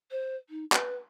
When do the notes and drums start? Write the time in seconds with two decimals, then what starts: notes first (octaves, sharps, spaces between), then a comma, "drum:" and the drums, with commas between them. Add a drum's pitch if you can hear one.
0.11 C5
0.49 D#4
0.72 B4, drum: clap